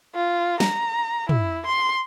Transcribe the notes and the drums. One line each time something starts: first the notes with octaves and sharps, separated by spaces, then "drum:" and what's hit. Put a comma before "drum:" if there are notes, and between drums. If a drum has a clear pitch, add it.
F4
A#5, drum: snare
E4, drum: tom
C6